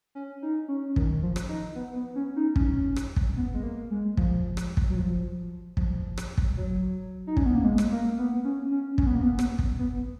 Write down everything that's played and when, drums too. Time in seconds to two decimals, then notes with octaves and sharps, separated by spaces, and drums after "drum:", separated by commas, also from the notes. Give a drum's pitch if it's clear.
0.15 C#4
0.42 D#4
0.68 C#4
0.96 D#3, drum: kick
1.22 F3
1.36 drum: rim click
1.49 D#4
1.75 B3
1.96 B3
2.16 C#4
2.36 D#4
2.56 C#4, drum: kick
2.96 drum: rim click
3.16 drum: kick
3.37 B3
3.54 G#3
3.63 A#3
3.91 G#3
4.17 F3, drum: kick
4.57 drum: rim click
4.77 drum: kick
4.90 F#3
4.97 F3
5.77 F3, drum: kick
6.17 drum: rim click
6.38 drum: kick
6.57 F#3
7.27 D#4
7.37 C#4, drum: kick
7.46 B3
7.55 A#3
7.64 G#3
7.78 drum: rim click
7.92 A#3
8.19 B3
8.45 C#4
8.71 C#4
8.98 C#4, drum: kick
9.06 B3
9.14 A#3
9.22 B3
9.39 drum: rim click
9.59 drum: kick
9.79 B3